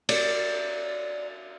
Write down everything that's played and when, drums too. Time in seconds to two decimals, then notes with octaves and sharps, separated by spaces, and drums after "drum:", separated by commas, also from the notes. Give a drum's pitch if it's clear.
0.09 D5, drum: cymbal